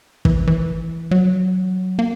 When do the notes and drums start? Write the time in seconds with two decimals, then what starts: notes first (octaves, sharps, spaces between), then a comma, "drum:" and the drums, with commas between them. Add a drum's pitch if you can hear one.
0.25 E3, drum: kick
0.47 E3
1.11 F#3
1.99 A#3